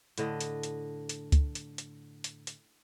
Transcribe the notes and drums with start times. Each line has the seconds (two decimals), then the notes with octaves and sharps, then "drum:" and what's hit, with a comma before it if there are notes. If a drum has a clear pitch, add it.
0.18 A2 D3 D#5, drum: hi-hat
0.41 drum: hi-hat
0.63 drum: hi-hat
1.09 drum: hi-hat
1.32 drum: kick C#2, hi-hat
1.55 drum: hi-hat
1.78 drum: hi-hat
2.24 drum: hi-hat
2.47 drum: hi-hat